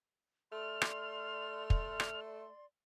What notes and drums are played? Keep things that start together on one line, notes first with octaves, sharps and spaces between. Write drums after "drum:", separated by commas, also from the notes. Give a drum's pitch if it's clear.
A3 D5 C6 F6
drum: rim click
drum: kick
drum: rim click